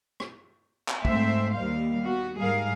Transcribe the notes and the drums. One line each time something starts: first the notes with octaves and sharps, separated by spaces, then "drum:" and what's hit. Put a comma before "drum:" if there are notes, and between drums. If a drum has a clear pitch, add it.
drum: rim click
drum: clap
G#2 A3 C4 C5 E5, drum: kick
D#2 G3 A#3 F5
B3 F#4
G#2 G3 G#3 G#4 A#4 F5